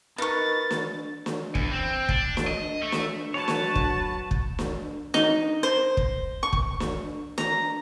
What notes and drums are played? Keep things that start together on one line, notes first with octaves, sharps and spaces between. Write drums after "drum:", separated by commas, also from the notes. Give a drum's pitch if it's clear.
D#4 A#4 B4 C#6 A6
drum: snare
drum: snare
E2, drum: kick
C4
D4, drum: kick
drum: snare
D#5
A3
drum: snare
F#3 F#4 B4 C#5 A5
drum: snare
drum: kick
drum: kick
drum: snare
D#4, drum: snare
C5
drum: kick
C#6
drum: kick
drum: snare
A#5, drum: snare